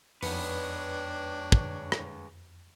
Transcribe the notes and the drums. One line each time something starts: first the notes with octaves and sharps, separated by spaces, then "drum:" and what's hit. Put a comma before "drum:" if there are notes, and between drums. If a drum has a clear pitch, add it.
F2 G#3 B3 D4 D#4 B4 C#5, drum: open hi-hat
drum: kick
drum: rim click